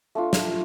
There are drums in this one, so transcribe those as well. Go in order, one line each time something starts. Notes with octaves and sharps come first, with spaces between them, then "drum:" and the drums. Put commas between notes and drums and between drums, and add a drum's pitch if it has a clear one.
A3 D4 F4
drum: snare